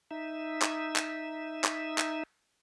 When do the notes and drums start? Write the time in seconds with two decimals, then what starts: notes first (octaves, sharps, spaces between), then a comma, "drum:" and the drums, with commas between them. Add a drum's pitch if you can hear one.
0.11 D#4 E5
0.62 drum: clap
0.96 drum: clap
1.64 drum: clap
1.98 drum: clap